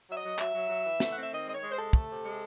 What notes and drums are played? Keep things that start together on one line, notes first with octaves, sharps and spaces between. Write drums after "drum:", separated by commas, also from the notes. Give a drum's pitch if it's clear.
F#3 E5
D#5
F#3
F#3 E5, drum: clap
F#3
F#3
E3
A3, drum: snare
F#5
C4
E5
D#3 D#5
G#3 D#5
C#5
G#3
C5
C3 A4
A3, drum: kick
C3
G#3